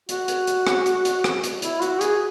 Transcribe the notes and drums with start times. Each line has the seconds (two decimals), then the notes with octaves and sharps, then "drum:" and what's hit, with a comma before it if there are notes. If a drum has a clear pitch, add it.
0.09 F#4, drum: hi-hat
0.28 drum: hi-hat
0.47 drum: hi-hat
0.67 drum: rim click
0.86 drum: hi-hat
1.05 drum: hi-hat
1.24 drum: rim click
1.44 drum: hi-hat
1.62 E4, drum: hi-hat
1.82 F#4, drum: hi-hat
2.01 G#4, drum: hi-hat